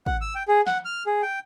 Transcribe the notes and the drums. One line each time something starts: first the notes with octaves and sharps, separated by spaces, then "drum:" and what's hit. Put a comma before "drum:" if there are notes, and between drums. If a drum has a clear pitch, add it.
F#5, drum: kick
E6
G5
G#4
F#5, drum: snare
F6
G#4
G5